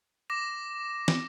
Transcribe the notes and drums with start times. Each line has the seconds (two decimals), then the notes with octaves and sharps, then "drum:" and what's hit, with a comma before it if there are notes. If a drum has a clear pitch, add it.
0.30 D6 A#6 E7
1.08 drum: snare